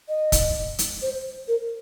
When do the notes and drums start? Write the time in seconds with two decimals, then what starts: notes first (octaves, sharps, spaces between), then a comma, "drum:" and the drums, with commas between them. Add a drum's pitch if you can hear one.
0.09 D#5
0.32 drum: kick, hi-hat
0.79 drum: hi-hat
1.02 C5
1.48 A#4